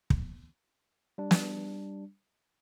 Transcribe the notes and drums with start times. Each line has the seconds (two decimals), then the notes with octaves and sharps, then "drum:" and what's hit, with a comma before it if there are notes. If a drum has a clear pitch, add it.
0.10 drum: kick
1.18 G3 D4
1.31 drum: snare